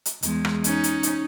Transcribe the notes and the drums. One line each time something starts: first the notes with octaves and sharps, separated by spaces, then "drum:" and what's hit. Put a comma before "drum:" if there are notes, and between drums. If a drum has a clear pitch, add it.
drum: hi-hat
E2 G#3, drum: hi-hat
drum: rim click
C#4 D#4, drum: hi-hat
drum: hi-hat
drum: hi-hat